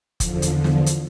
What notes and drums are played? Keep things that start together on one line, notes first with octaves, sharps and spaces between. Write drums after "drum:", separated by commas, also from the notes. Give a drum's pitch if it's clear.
E2 D3 F3, drum: kick, hi-hat
drum: hi-hat
drum: snare
drum: hi-hat